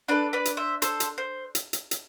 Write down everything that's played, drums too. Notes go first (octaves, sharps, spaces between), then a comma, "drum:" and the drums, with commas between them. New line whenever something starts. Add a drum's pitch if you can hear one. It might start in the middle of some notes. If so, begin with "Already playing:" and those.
D4 A4 B4 D5
B4 D5
drum: hi-hat
C5 E5
A4 C5, drum: hi-hat
drum: hi-hat
C5
drum: hi-hat
drum: hi-hat
drum: hi-hat